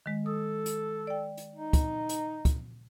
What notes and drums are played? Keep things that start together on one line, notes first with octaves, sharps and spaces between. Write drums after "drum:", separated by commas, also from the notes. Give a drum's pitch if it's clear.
D#3 G#3
A4 D#6
drum: hi-hat
D5 G5
drum: hi-hat
D#4
drum: kick, hi-hat
drum: hi-hat
drum: kick, hi-hat